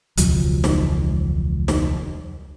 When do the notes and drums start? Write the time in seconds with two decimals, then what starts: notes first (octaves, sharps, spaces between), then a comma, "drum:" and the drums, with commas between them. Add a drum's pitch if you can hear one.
0.17 E1 C#2 F3 F#3, drum: hi-hat
0.64 drum: snare
1.68 drum: snare